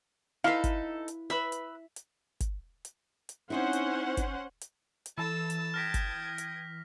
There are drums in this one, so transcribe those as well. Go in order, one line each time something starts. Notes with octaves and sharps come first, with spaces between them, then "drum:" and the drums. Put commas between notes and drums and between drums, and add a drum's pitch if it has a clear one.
D#4 E4 A4 B4 F5
drum: kick G1, hi-hat
drum: hi-hat
B4 E5 B5 E6
drum: hi-hat
drum: hi-hat
drum: kick G1, hi-hat
drum: hi-hat
drum: hi-hat
C4 C#4 D#4 E4 C5 F#5
drum: hi-hat
drum: kick G1, hi-hat
drum: hi-hat
drum: hi-hat
E3 A4 A5 E6
drum: hi-hat
G5 D#6 F6 G#6 A#6 B6
drum: kick G1, hi-hat
drum: hi-hat